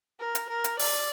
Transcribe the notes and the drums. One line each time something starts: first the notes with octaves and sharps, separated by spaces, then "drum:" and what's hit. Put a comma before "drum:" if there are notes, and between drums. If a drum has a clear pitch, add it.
A#4
drum: hi-hat
A#4
drum: hi-hat
D5, drum: open hi-hat